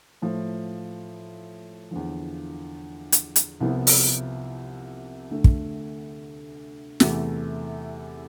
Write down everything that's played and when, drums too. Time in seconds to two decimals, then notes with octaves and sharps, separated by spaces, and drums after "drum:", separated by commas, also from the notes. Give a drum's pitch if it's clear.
0.22 A2 F3 A3
1.91 E2 D3 F3
3.12 drum: hi-hat
3.36 drum: hi-hat
3.61 C2 C3 F3 B3
3.87 drum: open hi-hat
5.31 D2 D3 A3
5.44 drum: kick
7.00 E2 C3 E3 A3, drum: snare